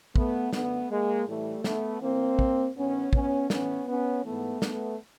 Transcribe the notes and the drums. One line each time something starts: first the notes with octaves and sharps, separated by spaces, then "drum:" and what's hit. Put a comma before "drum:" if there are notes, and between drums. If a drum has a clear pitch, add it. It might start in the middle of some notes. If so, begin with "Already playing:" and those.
A3 B3, drum: kick
F#2 D3 A3 B3, drum: snare
G#3 A#3
A2 E3 G3 A3
A3 B3, drum: snare
A2 E3 A#3 C4
drum: kick
G2 D#3 B3 C#4
B3 C#4, drum: kick
A2 E3 B3 C#4, drum: snare
B3 C#4
G#2 E3 A3 B3
A3 B3, drum: snare